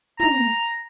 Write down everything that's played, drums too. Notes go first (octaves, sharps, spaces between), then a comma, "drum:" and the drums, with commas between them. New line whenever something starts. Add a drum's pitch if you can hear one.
A#5, drum: tom